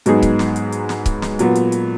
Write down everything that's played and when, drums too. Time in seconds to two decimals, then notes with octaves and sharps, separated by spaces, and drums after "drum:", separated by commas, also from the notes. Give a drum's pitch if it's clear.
0.06 G#2 F#3 B3 D#4 G#4, drum: hi-hat
0.22 drum: kick C#1, hi-hat
0.39 drum: snare
0.56 drum: hi-hat
0.72 drum: hi-hat
0.89 drum: snare
1.06 drum: kick C#1, hi-hat
1.22 drum: snare
1.39 A#2 F#3 B3, drum: hi-hat
1.55 drum: hi-hat
1.72 drum: hi-hat